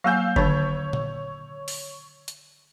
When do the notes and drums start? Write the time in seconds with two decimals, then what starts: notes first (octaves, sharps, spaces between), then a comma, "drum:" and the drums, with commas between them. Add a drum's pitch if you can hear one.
0.04 F#3 A#3 F5 G#5 E6 G6
0.36 D3 D#3 D4 C#5, drum: kick F#1
0.93 drum: tom A#2
1.68 drum: open hi-hat
2.28 drum: hi-hat